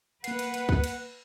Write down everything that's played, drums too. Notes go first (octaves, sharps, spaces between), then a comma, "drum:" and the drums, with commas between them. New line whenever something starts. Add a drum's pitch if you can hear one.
A#3 B4 F#5 C7, drum: cymbal
drum: cymbal
drum: cymbal
drum: kick
drum: cymbal